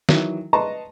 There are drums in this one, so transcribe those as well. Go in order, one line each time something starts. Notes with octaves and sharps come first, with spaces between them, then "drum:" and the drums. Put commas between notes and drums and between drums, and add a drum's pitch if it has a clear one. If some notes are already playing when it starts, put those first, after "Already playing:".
D#3 E3 F#3, drum: snare
B4 D#5 A5 A#5 C6 C#6